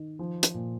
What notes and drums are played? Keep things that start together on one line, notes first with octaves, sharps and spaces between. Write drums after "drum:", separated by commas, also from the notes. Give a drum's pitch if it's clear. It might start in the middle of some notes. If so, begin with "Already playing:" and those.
Already playing: D#3
F3
drum: hi-hat
A#2